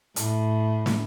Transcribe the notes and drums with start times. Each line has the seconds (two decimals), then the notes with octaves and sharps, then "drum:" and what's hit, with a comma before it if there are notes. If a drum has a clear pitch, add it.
0.16 A2, drum: hi-hat
0.86 drum: snare